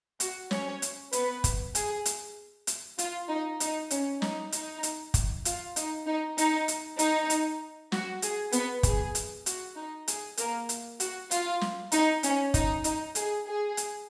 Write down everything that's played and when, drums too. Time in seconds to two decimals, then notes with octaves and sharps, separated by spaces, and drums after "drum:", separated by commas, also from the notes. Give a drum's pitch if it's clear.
0.20 F#4, drum: hi-hat
0.51 C#4 C#5, drum: snare
0.82 drum: hi-hat
1.13 B3 B4, drum: hi-hat
1.44 drum: kick, hi-hat
1.75 G#4, drum: hi-hat
2.05 drum: hi-hat
2.67 drum: hi-hat
2.98 F4, drum: hi-hat
3.29 D#4
3.60 D#4, drum: hi-hat
3.91 C#4, drum: hi-hat
4.22 D#4, drum: snare
4.52 D#4, drum: hi-hat
4.83 drum: hi-hat
5.14 drum: kick, hi-hat
5.45 F4, drum: hi-hat
5.76 D#4, drum: hi-hat
6.06 D#4
6.38 D#4, drum: hi-hat
6.68 drum: hi-hat
6.99 D#4, drum: hi-hat
7.30 drum: hi-hat
7.92 F#4, drum: snare
8.22 G#4, drum: hi-hat
8.52 B3 B4, drum: hi-hat
8.83 G#4, drum: kick, hi-hat
9.15 drum: hi-hat
9.46 F#4, drum: hi-hat
9.76 D#4
10.08 G#4, drum: hi-hat
10.37 A#3 A#4, drum: hi-hat
10.69 drum: hi-hat
11.00 F#4, drum: hi-hat
11.31 F4, drum: hi-hat
11.61 drum: snare
11.92 D#4, drum: hi-hat
12.23 C#4, drum: hi-hat
12.54 D#4, drum: kick, hi-hat
12.84 D#4, drum: hi-hat
13.15 G#4, drum: hi-hat
13.47 G#4
13.77 drum: hi-hat